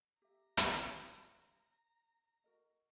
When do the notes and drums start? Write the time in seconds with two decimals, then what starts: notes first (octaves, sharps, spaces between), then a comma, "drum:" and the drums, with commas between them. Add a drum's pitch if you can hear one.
0.22 G4 E5 A#5
0.57 drum: hi-hat
2.44 F#4 A#4 D#5